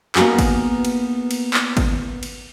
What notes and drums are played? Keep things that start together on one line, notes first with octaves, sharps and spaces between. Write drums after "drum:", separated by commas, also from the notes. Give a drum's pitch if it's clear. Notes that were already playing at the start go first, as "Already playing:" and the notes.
A#3 B3 D#4 F#4 G#4, drum: clap
drum: kick G#1, cymbal
drum: cymbal
drum: cymbal
drum: clap
drum: kick G#1, cymbal
drum: cymbal